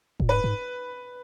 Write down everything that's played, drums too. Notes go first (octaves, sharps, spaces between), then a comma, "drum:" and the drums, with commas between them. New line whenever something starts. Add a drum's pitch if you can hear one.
A#2, drum: kick E1
G#2 B4
G#2